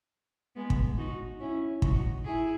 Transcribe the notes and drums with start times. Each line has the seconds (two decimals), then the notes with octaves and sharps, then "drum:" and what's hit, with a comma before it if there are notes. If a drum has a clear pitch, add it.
0.56 G#3 B3
0.70 drum: kick
0.98 D#4 F#4
1.40 C#4 E4
1.82 D#4 F#4, drum: kick
2.24 E4 G#4